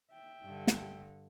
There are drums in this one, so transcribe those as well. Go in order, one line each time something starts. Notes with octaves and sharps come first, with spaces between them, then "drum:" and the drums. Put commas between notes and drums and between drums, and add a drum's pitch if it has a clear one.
E5 G5
G2 D3
drum: snare